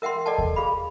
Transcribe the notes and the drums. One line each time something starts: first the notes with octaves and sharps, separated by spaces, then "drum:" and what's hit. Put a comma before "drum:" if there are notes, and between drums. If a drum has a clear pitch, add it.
A#4 E5 F#5 G5 C6
A4 D5 D#5 F#5 G5 A5
drum: kick D#2
G#4 F5 B5